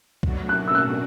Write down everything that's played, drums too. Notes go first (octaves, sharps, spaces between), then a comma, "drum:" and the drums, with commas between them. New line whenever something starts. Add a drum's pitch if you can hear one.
B2 F#3 A3 D4 F#4, drum: kick C2
F#6
E6
F#6